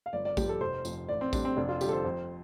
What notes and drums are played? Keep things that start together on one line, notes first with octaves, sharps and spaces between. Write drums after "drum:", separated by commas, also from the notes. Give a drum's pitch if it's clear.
F5
G1 D5
D5
G2 F3 G4, drum: kick A1, tambourine
A4
F1 C5
F2 F3, drum: tambourine
A1 D5
C4
A2 G3 D4, drum: kick A1, tambourine
C4
F1 D4
F4
F2 D3 G3 G4, drum: tambourine
A4
C5
F2